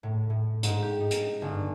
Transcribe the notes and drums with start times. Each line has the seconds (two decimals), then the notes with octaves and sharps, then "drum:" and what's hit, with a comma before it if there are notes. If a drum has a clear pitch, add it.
0.03 A2
0.30 A2
0.63 G#2, drum: hi-hat
0.82 G4
1.00 D#4
1.11 drum: hi-hat
1.42 G1